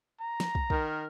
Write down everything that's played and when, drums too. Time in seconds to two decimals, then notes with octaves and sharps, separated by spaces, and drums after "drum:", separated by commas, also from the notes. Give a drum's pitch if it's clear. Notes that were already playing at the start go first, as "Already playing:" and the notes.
0.20 A#5
0.40 drum: snare
0.55 drum: kick
0.70 D#3 A#4, drum: kick